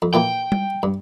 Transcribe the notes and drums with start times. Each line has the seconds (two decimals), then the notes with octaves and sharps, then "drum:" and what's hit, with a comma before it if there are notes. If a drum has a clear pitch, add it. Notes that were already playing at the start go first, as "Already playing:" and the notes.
0.02 F2
0.14 A#2 E3 A#3 G5
0.52 drum: tom G3
0.83 G2